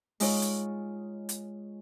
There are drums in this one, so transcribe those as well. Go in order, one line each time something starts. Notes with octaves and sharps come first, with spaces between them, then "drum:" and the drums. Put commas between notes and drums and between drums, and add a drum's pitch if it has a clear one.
G#3 D#4 F4 C#5, drum: open hi-hat
drum: hi-hat
drum: hi-hat